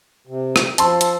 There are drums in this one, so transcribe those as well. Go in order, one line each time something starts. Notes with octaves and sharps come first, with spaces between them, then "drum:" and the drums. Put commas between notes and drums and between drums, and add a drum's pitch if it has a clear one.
C3
drum: rim click
F3 A5 C6 E6, drum: hi-hat
drum: hi-hat